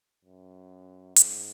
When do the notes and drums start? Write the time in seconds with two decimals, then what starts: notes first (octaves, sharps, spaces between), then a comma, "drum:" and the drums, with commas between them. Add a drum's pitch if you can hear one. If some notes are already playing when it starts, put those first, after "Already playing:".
0.25 F#2
1.16 G#2, drum: hi-hat